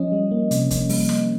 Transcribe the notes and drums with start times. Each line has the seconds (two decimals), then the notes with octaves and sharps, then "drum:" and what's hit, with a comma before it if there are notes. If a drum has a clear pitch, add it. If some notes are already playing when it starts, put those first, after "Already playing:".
Already playing: F3 C#4 D#5
0.12 G3
0.31 A#3
0.51 C3, drum: hi-hat
0.71 C#4, drum: kick, hi-hat
0.89 G3, drum: open hi-hat
1.09 drum: snare